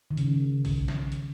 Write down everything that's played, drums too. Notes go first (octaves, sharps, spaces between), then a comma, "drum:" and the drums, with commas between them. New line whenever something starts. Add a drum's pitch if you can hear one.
D#3
C#3, drum: hi-hat
drum: kick A#1, open hi-hat
drum: snare
drum: hi-hat